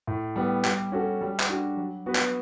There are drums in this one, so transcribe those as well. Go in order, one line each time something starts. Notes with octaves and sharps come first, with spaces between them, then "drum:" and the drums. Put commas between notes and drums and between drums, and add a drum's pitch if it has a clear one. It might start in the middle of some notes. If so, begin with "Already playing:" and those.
A2
G3 B3
G3, drum: clap
C#4 F#4 A4
G3
drum: clap
D4 F#4
F#3
B3 F#4 B4
drum: clap